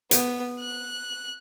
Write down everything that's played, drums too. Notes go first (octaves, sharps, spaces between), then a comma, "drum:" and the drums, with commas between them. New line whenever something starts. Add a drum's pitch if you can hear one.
B3, drum: hi-hat
F#6